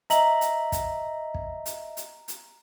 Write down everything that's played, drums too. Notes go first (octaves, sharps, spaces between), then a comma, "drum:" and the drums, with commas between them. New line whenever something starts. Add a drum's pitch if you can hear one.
D#5 E5 A#5 F#7, drum: hi-hat
drum: hi-hat
drum: kick, hi-hat
drum: kick
drum: hi-hat
drum: hi-hat
drum: hi-hat